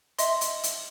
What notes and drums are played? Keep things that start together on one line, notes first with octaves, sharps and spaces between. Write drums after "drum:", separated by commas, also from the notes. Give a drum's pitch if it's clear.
D#5 E5 C6, drum: hi-hat
drum: hi-hat
drum: hi-hat